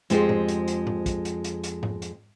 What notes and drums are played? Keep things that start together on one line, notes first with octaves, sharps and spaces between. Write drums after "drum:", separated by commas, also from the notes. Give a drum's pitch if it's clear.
F2 G#3 F4 G4 C5, drum: hi-hat
drum: tom
drum: hi-hat
drum: hi-hat
drum: tom
drum: kick, hi-hat
drum: hi-hat
drum: hi-hat
drum: hi-hat
drum: tom G#2
drum: hi-hat